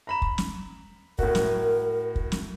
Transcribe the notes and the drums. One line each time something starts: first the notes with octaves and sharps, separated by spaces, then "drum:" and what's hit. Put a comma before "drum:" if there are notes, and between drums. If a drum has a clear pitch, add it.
A#5 B5 E7
drum: kick
drum: snare
A2 F#4 A#4, drum: kick
drum: snare
drum: kick
drum: snare